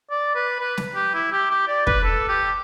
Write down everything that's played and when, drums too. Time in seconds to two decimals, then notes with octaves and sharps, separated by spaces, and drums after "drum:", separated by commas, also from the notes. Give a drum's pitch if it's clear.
0.11 D5
0.35 B4
0.59 B4
0.77 drum: snare
0.95 G4
1.14 E4
1.32 G4
1.51 G4
1.68 D5
1.87 B4, drum: kick
2.04 A4
2.29 G4